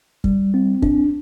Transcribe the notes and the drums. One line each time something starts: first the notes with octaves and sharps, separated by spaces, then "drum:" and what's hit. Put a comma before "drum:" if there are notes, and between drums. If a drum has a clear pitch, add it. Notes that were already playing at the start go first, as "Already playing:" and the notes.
G3, drum: kick
C4
D4, drum: kick